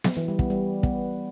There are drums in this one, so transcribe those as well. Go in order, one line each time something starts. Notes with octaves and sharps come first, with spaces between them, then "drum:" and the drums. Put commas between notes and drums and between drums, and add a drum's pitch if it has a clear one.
drum: snare B3
E3
G3
B3, drum: kick
G3
B3, drum: kick